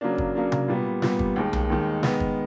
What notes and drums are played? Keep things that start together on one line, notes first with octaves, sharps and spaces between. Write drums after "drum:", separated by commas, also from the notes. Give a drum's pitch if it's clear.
C#3 F#3 A#3 D4
drum: kick
C#3 F#3 A#3 D4
drum: tom C3
A#2 G3 B3
A#2 G3 B3, drum: snare
drum: kick
D#2 D#3 G#3
drum: tom B1
D#2 D#3 G#3
D#3 G#3 B3, drum: snare
drum: kick